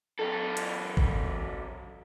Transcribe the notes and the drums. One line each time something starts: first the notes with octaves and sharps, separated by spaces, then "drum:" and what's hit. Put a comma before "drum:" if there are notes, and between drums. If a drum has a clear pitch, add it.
F#2 A4
drum: hi-hat
drum: kick G#1